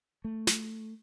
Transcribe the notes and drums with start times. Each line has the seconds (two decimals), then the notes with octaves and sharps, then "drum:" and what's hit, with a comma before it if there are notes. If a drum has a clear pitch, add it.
0.24 A3
0.47 drum: snare